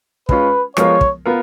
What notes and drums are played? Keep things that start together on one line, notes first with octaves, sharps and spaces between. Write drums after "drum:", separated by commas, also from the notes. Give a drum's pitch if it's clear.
G#3 C#4 F4 B4, drum: kick
F3 G#3 B3 F4 A#4 C#5, drum: rim click
drum: kick
B3 F4 A#4